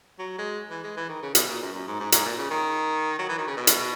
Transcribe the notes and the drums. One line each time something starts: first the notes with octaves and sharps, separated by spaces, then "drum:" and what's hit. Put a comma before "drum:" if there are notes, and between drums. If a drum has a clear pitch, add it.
F#3
G#3
E3
G#3
E3
D#3
C#3
B2, drum: hi-hat
A#2
F#2
F#2
G#2
G#2
G#2, drum: hi-hat
A#2
C#3
D#3
F#3
E3
D#3
C#3
B2
drum: hi-hat